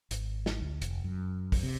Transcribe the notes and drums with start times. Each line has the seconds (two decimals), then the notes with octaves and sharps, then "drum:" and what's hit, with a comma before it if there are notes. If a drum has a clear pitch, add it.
0.11 G#1, drum: hi-hat
0.46 drum: snare
0.61 D2
0.82 F1, drum: hi-hat
1.04 F#2
1.52 drum: kick, open hi-hat
1.63 C3